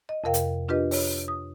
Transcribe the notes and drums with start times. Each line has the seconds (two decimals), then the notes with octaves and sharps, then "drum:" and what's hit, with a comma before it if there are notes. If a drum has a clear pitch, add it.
0.09 D#5
0.24 F2 C3 A#4 F5 G5
0.34 drum: hi-hat
0.69 D4 F4 G4 B4 D#5
0.91 C#5, drum: open hi-hat
1.28 D#6